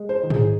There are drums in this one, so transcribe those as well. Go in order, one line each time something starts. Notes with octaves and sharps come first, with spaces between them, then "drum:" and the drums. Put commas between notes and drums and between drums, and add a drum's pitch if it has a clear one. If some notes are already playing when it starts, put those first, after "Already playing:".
Already playing: G#3
C5
D#3
G#4, drum: tom G#2